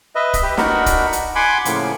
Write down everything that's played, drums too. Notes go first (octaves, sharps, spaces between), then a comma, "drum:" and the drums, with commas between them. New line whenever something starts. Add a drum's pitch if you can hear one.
B4 D#5 E5
drum: kick, hi-hat
G4 B4
D4 D#4 F#4 A#4 F#5 B5, drum: snare
drum: kick, hi-hat
drum: hi-hat
F#5 G#5 B5 C6 D6
A2 C#3 F3 A#3, drum: hi-hat